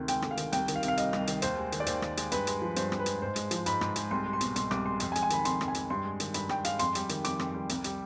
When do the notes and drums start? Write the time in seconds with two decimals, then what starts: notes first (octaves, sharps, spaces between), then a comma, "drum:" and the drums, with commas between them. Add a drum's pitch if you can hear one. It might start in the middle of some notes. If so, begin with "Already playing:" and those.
Already playing: D2 C3 D#3
0.08 G#3 G5, drum: hi-hat
0.22 D2, drum: rim click
0.31 F5
0.37 D#3, drum: hi-hat
0.53 C2 G5, drum: hi-hat
0.68 D#3, drum: hi-hat
0.76 F5
0.83 C3, drum: hi-hat
0.88 F5
0.97 G3 D#5, drum: hi-hat
1.13 C2, drum: rim click
1.27 D#3, drum: hi-hat
1.42 D#2 C5, drum: hi-hat
1.58 G#3
1.72 D#3, drum: hi-hat
1.80 D5
1.86 D#2 C5, drum: hi-hat
2.02 D#2, drum: rim click
2.17 G#3, drum: hi-hat
2.32 G2 B4, drum: hi-hat
2.47 G#3, drum: hi-hat
2.62 F3
2.76 G2 C5, drum: hi-hat
2.92 G2, drum: rim click
2.99 B4
3.06 G#3, drum: hi-hat
3.22 G#2 C5
3.36 G#3, drum: hi-hat
3.51 F3, drum: hi-hat
3.66 G#2 B5, drum: hi-hat
3.81 G#2, drum: rim click
3.96 G#3, drum: hi-hat
4.11 C2 C6
4.26 G#3
4.33 C6
4.41 B2, drum: hi-hat
4.56 C2 C6, drum: hi-hat
4.71 C2 D6, drum: rim click
4.86 G#3 C6
5.00 F2 C6, drum: hi-hat
5.12 G#5
5.16 G#3, drum: hi-hat
5.23 G#5
5.30 D#3 B5, drum: hi-hat
5.45 F2 C6, drum: hi-hat
5.61 F2, drum: rim click
5.68 G#5
5.75 G#3, drum: hi-hat
5.90 G2 C6
6.05 G#3
6.20 D#3, drum: hi-hat
6.34 G2 B5, drum: hi-hat
6.49 G2 G5, drum: rim click
6.65 G#3 F5, drum: hi-hat
6.79 F2 C6, drum: hi-hat
6.95 G3, drum: hi-hat
7.09 D#3, drum: hi-hat
7.24 F2 D6, drum: hi-hat
7.39 F2, drum: rim click
7.54 G3
7.69 C2, drum: hi-hat
7.84 G3, drum: hi-hat